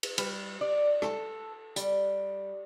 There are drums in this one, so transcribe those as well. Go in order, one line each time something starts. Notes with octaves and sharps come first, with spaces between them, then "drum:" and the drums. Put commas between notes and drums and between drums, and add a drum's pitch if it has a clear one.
drum: cymbal
G3, drum: cymbal
D5
A4, drum: rim click
G3, drum: hi-hat